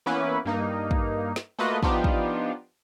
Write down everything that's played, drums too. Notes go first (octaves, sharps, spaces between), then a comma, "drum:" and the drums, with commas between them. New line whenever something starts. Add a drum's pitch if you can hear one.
E3 A#3 B3 C#4 E4 B4
G2 A#3 D#4
drum: kick
drum: snare
A3 A#3 F4 F#4 B4 D#5
F3 B3 D4 D#4 F4 G4, drum: kick
drum: kick